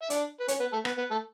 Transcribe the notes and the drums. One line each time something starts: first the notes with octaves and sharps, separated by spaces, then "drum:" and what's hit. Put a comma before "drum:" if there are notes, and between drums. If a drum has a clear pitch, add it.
E5
D4 D5, drum: hi-hat
B4
C#4 C#5, drum: hi-hat
B3 B4
A3 A4
B3 B4, drum: rim click
B3 B4
A3 A4